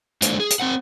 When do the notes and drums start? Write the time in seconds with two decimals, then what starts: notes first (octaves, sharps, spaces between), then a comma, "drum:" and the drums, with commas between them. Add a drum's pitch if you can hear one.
0.22 G#3 A#3 D4 F4 C5, drum: hi-hat
0.40 G#4
0.50 drum: hi-hat
0.60 C4 C5 F#5